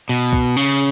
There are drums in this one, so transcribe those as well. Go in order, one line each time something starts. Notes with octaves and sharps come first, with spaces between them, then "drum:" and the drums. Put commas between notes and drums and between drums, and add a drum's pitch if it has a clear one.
B2
drum: kick C2
C#3